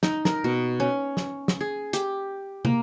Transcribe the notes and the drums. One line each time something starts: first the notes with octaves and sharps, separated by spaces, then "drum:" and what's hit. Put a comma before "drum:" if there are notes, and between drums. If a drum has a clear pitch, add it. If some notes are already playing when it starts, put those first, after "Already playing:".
D#4, drum: snare
A#4, drum: snare
B2
C#4
drum: snare
drum: snare
G#4
G4, drum: hi-hat
A#3, drum: tom